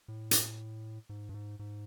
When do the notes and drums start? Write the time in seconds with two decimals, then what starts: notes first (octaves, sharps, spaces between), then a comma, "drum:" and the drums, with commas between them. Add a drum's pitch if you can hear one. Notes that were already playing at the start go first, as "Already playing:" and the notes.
0.08 A2
0.31 drum: hi-hat
1.09 G#2
1.29 G2
1.34 G#2
1.59 G#2